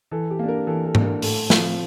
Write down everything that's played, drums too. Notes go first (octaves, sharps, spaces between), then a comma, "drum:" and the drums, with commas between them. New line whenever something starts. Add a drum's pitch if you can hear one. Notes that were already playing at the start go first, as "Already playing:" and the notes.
E3 A4
G4
A#3 D4
A#4
E3 A4
A4
A#3 D4, drum: tom G#2
A#4
A2 A4, drum: open hi-hat
F3 A3 C4, drum: snare